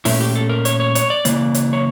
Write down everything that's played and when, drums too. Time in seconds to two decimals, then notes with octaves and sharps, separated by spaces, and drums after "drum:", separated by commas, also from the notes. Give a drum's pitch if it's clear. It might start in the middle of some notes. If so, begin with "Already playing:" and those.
0.05 A#2 A3 C#4 E4, drum: open hi-hat
0.21 G4
0.35 A4
0.49 A#4
0.65 C#5, drum: hi-hat
0.80 C#5
0.95 C#5, drum: hi-hat
1.10 D5
1.25 C#3 E3 A#3, drum: hi-hat
1.54 drum: hi-hat
1.73 C#5